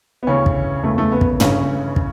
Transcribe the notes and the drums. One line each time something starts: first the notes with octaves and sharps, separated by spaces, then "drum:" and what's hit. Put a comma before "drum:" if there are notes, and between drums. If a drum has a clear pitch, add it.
B3
D2 C#3 E3 C#4
drum: kick
F#1 E2 C#3 A3
A3
B3
drum: kick
G1 G2 C#3 E3 C#4, drum: tom
drum: kick